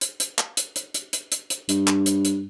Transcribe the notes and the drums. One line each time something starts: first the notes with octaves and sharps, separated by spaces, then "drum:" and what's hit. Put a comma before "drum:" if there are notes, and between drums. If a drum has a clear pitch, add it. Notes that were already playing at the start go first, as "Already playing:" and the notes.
drum: hi-hat
drum: hi-hat
drum: clap
drum: hi-hat
drum: hi-hat
drum: hi-hat
drum: hi-hat
drum: hi-hat
drum: hi-hat
G2, drum: hi-hat
drum: clap
drum: hi-hat
drum: hi-hat